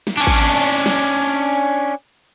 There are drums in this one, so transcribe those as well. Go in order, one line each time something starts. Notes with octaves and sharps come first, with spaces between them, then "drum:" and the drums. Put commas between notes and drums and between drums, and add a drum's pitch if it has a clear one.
drum: snare
C#4 D4
drum: kick A1
drum: snare